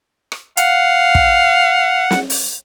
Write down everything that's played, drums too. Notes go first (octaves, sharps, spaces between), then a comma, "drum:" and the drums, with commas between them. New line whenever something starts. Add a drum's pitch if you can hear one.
drum: rim click
F5 F#5, drum: hi-hat
drum: kick
drum: snare
drum: open hi-hat